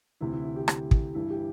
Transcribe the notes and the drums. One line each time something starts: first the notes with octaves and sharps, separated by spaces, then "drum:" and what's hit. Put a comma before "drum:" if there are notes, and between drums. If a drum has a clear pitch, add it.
D2 C3 E3 E4
E4
E4
G4
E4, drum: rim click
drum: kick
G2 E3 E4
G4